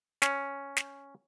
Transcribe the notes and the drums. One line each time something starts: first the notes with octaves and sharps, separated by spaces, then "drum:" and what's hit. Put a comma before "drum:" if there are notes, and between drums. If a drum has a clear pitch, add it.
C#4, drum: snare
drum: snare